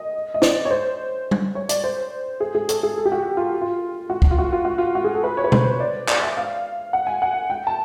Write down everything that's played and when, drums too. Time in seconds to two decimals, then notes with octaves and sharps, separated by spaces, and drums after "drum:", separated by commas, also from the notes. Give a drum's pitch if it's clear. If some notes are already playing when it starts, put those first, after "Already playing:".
Already playing: D#5
0.34 D#5
0.42 D5, drum: snare
0.65 C#5
0.71 C5
1.31 drum: tom G3
1.55 C#5
1.69 D5, drum: hi-hat
1.84 C5
2.40 G#4
2.55 G#4
2.69 A4, drum: hi-hat
2.83 G#4
2.98 A4
3.05 G4
3.12 F#4
3.25 F#4
3.37 F4
3.61 F4
4.10 F#4
4.22 drum: kick
4.31 F4
4.38 F#4
4.53 F4
4.65 F#4
4.78 F4
4.95 F#4
5.04 G#4
5.14 A4
5.24 B4
5.37 C#5
5.44 B4
5.52 C5, drum: tom B2
5.80 D5
6.08 D5, drum: clap
6.22 E5
6.37 F5
6.93 F#5
7.07 G#5
7.22 F#5
7.50 G5
7.67 A5